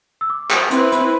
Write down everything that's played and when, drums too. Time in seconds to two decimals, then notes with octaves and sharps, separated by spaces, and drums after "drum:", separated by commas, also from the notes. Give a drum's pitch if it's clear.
0.21 E6
0.30 D6
0.51 drum: clap
0.71 C4 E4 B4 C6, drum: hi-hat
0.92 B5, drum: hi-hat